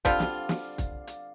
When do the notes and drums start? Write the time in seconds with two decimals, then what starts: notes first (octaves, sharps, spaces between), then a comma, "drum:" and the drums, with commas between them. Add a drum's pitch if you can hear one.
0.05 D3 G3 C4 F4 D5 F5, drum: kick
0.20 drum: snare
0.49 drum: snare
0.78 drum: kick, hi-hat
1.07 drum: hi-hat